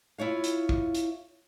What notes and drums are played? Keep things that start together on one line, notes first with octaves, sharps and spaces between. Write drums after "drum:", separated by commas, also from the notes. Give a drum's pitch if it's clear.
E4 F4 C#5 F5
drum: hi-hat
drum: kick
drum: hi-hat